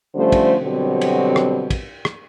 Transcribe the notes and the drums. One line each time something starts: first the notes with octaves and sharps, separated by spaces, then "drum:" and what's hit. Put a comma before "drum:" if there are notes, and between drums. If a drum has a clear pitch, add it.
D3 F3 G3 A3 C#4 C5
drum: kick, cymbal
B2 D3 F#3 G3 C4
drum: cymbal
drum: rim click
drum: kick, cymbal
drum: rim click